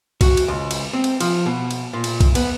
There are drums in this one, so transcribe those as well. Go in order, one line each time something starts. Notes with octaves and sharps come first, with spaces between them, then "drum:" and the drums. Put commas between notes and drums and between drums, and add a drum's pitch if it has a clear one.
F#4, drum: kick B1, cymbal
drum: cymbal
C#2
drum: cymbal
C4
drum: cymbal
F3, drum: cymbal
B2
drum: cymbal
A#2
drum: cymbal
drum: kick B1, cymbal
B3, drum: cymbal